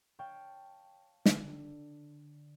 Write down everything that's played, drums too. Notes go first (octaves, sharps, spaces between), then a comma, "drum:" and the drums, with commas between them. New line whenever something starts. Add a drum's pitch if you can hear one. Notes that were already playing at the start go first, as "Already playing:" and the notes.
C#5 F5 G5 A5 C#6
D3, drum: snare